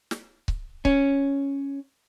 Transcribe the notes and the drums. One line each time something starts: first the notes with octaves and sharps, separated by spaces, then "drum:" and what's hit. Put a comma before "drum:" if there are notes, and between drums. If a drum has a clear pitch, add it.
drum: snare
drum: kick C#1
C#4, drum: kick C#1